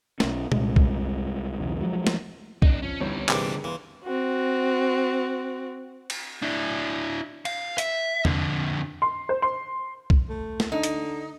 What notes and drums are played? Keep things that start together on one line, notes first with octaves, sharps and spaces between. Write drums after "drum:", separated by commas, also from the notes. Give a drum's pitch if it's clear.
B1 C#4, drum: snare
C2 G#3, drum: tom A#2
drum: kick B1
B1 E2 C#3
F3 F#3 G#3
drum: snare
G#1 D4 D#4, drum: kick B1
F3 C#4
G1 D3 G3 C4 D#4 E4 C#5
C3 E3 D4 D#4 G#4 A#4, drum: clap
E3 F5 B5 C6
C4 F#4
drum: cymbal
D4 E4
F5, drum: cymbal
E5, drum: hi-hat
F2 D3, drum: tom E2
C6
C5
C6
drum: kick B1
A3
drum: snare
D3 D#4
drum: hi-hat